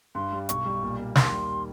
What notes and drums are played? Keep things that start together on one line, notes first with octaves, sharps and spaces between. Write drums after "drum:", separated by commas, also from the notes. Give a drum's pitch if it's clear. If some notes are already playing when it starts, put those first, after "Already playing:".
G2 C6
G3
B1 C#6, drum: hi-hat
G3
A#2
A#3
D#2 C6, drum: snare
G3